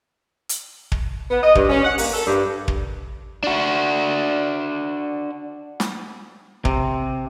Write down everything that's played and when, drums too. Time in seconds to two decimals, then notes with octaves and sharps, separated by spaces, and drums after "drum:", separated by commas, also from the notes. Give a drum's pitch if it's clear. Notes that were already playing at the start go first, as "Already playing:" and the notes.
0.49 drum: hi-hat
0.92 drum: kick
1.31 B3
1.42 D#5
1.55 G2, drum: kick
1.69 C#4
1.85 F#5
1.98 A#3, drum: open hi-hat
2.14 A4
2.26 G2
2.68 drum: kick
3.43 D4 F#4
5.80 drum: snare
6.65 C3, drum: kick